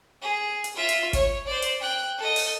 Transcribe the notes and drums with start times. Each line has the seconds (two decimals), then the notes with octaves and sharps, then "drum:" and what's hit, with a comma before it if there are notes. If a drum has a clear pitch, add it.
0.22 G#4
0.64 drum: hi-hat
0.76 F4 E5
0.89 drum: hi-hat
1.13 C#5, drum: kick, hi-hat
1.47 C5 D5
1.62 drum: hi-hat
1.80 G5 F#6
2.18 A4 D#5
2.36 drum: open hi-hat